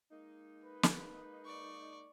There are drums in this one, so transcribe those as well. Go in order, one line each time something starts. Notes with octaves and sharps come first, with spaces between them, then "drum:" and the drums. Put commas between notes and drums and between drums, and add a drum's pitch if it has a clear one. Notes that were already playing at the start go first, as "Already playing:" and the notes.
G#3 A#3 D#4
B4
drum: snare
D5 C#6